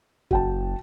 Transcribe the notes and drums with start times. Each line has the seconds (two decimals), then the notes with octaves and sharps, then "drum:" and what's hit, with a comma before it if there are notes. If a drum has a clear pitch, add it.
0.31 F#1 F#4 G5 A5, drum: kick